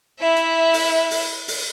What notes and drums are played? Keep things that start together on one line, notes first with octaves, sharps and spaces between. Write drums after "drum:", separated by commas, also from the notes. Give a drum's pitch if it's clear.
E4 E5
drum: hi-hat
drum: open hi-hat
drum: open hi-hat
drum: open hi-hat